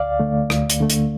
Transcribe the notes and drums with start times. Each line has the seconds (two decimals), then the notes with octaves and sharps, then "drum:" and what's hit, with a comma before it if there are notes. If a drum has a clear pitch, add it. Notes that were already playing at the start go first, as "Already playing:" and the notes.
Already playing: D2 D5 F5
0.20 D3 A3
0.50 D2, drum: rim click
0.70 drum: hi-hat
0.80 D3 A3
0.90 drum: hi-hat